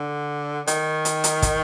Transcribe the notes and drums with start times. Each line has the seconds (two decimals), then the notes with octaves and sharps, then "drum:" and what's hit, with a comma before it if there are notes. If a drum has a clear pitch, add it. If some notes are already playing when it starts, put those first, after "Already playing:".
Already playing: D3
0.67 D#3, drum: hi-hat
1.05 drum: hi-hat
1.24 drum: hi-hat
1.42 drum: kick, hi-hat